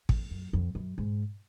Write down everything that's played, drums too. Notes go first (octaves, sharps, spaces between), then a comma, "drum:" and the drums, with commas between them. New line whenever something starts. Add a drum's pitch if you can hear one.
F2, drum: kick
F#2
F2
F#2
G#2